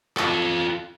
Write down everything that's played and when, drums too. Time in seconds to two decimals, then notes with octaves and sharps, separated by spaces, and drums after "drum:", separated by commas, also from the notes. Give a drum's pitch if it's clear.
0.17 F4 A4, drum: clap